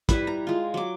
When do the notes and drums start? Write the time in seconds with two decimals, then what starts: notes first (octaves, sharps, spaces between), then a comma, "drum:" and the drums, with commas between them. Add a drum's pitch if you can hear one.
0.09 G3 E4 B4, drum: kick, hi-hat
0.27 A#5
0.47 G#3 F4
0.74 F#3 D6